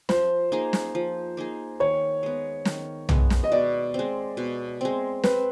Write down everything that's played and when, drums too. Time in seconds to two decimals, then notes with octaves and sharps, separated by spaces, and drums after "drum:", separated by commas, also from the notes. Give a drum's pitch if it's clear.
0.09 F3 C5, drum: snare
0.52 A#3 D#4 G#4
0.73 drum: snare
0.95 F3
1.37 A#3 D#4 G#4
1.80 D#3 C#5
2.23 G#3 B3
2.65 D#3, drum: snare
3.09 G#3 B3, drum: tom B1
3.30 drum: snare
3.44 D#5
3.52 B2 D5
3.94 G#3 C4
4.37 B2
4.81 G#3 C4
5.24 C4 B4, drum: snare